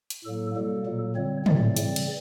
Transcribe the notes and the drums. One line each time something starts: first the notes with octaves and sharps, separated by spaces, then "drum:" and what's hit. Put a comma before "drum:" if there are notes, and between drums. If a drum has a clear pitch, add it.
drum: hi-hat
A2 F#3 A#3 A4
B2 G3 A#3 A4
A#2 F#3 A#3
D3 G3 C4 C#5
A2 F#3 A3 C4 D5, drum: tom
C#3 E3 G3 C4, drum: hi-hat
drum: cymbal